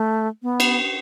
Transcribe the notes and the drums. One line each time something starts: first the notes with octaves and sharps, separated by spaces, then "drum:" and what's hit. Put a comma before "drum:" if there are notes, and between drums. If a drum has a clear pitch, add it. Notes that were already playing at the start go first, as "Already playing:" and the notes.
Already playing: A3
B3
drum: cymbal